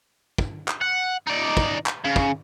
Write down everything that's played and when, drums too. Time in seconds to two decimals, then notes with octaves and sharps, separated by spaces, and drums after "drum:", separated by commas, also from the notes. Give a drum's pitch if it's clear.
0.38 drum: kick
0.68 drum: clap
0.82 F#5
1.27 D#4 D5
1.57 drum: kick
1.86 drum: clap
2.04 C#3
2.16 drum: kick